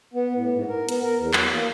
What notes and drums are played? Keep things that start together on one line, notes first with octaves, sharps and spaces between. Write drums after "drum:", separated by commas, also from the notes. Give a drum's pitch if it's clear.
B3
A2
G#2
A#4
B3, drum: hi-hat
A#4
E2
F#3, drum: clap
A#3